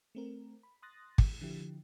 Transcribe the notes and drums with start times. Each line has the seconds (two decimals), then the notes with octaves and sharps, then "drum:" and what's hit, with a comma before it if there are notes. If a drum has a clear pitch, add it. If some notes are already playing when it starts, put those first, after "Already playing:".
0.15 A3 C4 A#4
0.63 B5
0.82 C6 D#6 F#6 A6 A#6
1.18 drum: kick
1.41 D3 F3 E4 G4